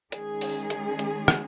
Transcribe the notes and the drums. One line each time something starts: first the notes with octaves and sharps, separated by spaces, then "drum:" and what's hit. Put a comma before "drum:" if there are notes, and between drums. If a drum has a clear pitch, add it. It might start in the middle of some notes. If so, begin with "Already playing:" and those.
D#3 G#3 C#4 G#4, drum: hi-hat
drum: open hi-hat
drum: hi-hat
drum: hi-hat
drum: rim click